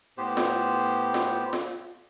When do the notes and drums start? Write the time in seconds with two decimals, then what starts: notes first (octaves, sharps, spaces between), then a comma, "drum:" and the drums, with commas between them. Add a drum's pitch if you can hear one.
0.18 A2 B3 G4 C5
0.37 drum: snare F4
1.14 drum: snare F4
1.53 drum: snare F4